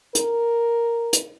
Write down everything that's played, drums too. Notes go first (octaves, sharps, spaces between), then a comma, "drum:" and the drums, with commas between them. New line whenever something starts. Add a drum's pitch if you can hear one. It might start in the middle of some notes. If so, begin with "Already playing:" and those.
A#4, drum: hi-hat
drum: hi-hat